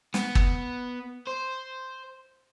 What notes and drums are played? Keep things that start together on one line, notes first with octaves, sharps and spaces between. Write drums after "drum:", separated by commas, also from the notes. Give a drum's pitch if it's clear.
B3, drum: snare
drum: kick
C5